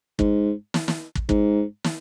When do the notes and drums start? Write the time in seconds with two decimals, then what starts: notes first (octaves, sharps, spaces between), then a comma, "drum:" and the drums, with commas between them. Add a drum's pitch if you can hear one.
0.19 G#2, drum: kick
0.74 drum: snare
0.88 drum: snare
1.15 drum: kick
1.29 G#2, drum: kick
1.84 drum: snare